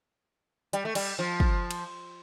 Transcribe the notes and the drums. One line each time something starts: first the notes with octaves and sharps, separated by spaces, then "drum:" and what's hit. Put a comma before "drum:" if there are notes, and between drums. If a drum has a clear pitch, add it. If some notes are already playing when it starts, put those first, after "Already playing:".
G3, drum: hi-hat
A3
G3, drum: cymbal
F3
drum: kick
drum: cymbal